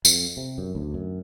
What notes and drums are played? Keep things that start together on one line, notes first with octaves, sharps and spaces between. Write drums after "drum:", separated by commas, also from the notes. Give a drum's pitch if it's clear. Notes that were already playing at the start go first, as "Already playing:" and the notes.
F2, drum: tambourine
C3
F#2
D2
F#2